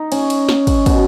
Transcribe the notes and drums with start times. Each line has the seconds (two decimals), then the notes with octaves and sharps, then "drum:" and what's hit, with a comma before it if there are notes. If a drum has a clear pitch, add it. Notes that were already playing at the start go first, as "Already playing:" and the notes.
Already playing: D#4
0.12 C#4, drum: cymbal
0.30 drum: cymbal
0.49 drum: snare
0.67 drum: kick, cymbal
0.86 B2, drum: kick, cymbal